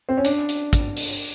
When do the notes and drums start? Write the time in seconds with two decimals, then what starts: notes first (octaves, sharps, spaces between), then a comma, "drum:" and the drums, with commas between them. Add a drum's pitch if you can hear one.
0.09 C4
0.17 C#4
0.25 D4, drum: hi-hat
0.49 drum: hi-hat
0.73 drum: kick, hi-hat
0.97 drum: open hi-hat